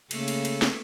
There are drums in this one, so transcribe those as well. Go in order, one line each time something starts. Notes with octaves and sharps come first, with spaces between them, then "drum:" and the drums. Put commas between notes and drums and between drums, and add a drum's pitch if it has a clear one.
C#3 A3 A#3 A4, drum: cymbal
drum: cymbal
drum: cymbal
drum: snare